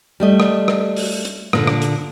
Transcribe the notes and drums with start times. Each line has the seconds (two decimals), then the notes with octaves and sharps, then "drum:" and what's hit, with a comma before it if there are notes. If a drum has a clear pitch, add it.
0.20 G3 A3 D#5
0.40 drum: rim click
0.68 drum: rim click
0.96 drum: open hi-hat
1.25 drum: hi-hat
1.53 A#2 D3, drum: rim click
1.67 drum: rim click
1.82 drum: hi-hat